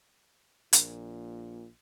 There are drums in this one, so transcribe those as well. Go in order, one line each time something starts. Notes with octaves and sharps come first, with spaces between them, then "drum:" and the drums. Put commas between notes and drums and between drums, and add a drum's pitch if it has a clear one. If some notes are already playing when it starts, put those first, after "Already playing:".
A#1 A#2, drum: hi-hat